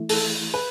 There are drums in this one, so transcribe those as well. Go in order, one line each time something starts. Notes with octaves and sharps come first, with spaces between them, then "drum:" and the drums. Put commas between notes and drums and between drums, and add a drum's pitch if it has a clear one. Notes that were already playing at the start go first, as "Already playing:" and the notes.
Already playing: E3 A3 E4
A4, drum: open hi-hat
B4